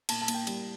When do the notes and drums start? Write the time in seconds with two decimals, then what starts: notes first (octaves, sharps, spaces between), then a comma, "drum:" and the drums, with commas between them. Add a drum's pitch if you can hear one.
0.09 A#2 A5, drum: cymbal
0.22 A5
0.28 A#3, drum: cymbal
0.34 G5
0.47 G3, drum: cymbal